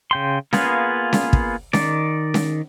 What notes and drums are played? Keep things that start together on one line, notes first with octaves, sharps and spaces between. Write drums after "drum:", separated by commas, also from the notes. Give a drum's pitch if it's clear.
C#3 G5 C6
A#3 B3 F4 G#4 B4, drum: snare C#4
drum: snare C#4
drum: kick
D#3 D5, drum: snare C#4
drum: snare C#4